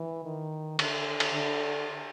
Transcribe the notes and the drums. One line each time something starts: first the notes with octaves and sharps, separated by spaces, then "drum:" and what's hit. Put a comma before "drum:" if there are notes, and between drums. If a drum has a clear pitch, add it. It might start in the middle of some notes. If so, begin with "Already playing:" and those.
Already playing: E3
D#3
D3, drum: cymbal
drum: cymbal
D3